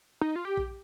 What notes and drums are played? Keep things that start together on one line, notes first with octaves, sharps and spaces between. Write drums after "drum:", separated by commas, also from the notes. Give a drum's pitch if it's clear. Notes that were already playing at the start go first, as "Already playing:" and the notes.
D#4
F4
G4
drum: kick A#1